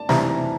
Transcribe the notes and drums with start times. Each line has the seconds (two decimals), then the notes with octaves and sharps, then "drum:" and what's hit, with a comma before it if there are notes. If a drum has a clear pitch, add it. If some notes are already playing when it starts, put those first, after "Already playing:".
Already playing: D5 A5
0.09 C3 E3 A#5, drum: snare